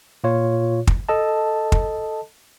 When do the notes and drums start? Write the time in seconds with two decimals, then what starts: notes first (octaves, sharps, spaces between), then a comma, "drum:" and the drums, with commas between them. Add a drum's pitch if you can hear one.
0.24 A#2 F4 C#5
0.87 drum: kick
1.09 A4 D#5 A5
1.72 drum: kick